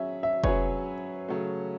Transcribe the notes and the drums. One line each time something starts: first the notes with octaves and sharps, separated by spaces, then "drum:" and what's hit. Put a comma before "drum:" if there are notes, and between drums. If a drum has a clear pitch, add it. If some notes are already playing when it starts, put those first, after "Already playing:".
Already playing: F#3 C#4 G#4 E5
E5
F#3 C#4 G#4 B4 C#5, drum: kick
C#3 F#3 A3